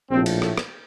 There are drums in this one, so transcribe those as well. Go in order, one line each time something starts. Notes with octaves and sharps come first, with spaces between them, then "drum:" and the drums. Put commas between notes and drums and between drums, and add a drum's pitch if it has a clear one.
A#1 A2 C3 F3 C4
drum: cymbal
A3, drum: rim click
drum: rim click